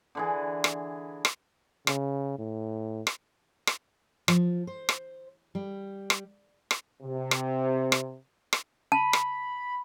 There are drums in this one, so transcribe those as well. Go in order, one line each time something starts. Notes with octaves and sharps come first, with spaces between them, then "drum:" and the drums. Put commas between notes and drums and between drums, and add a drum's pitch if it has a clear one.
D3 E3 G#4
drum: rim click
drum: rim click
C#3, drum: rim click
A2
drum: rim click
drum: rim click
F3, drum: rim click
C5
drum: rim click
G3
drum: rim click
drum: rim click
C3
drum: rim click
drum: rim click
drum: rim click
A5 B5
drum: rim click